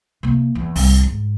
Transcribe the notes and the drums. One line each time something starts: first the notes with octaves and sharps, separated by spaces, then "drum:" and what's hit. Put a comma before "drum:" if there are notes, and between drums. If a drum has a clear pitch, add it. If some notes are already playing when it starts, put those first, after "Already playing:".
C3 A#3
E2
C2 G3, drum: open hi-hat
G#2